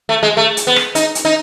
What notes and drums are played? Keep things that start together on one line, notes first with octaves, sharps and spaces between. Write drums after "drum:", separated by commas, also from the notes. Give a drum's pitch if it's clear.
A3
G#3
A3
drum: hi-hat
B3
drum: rim click
D#4, drum: hi-hat
drum: hi-hat
D#4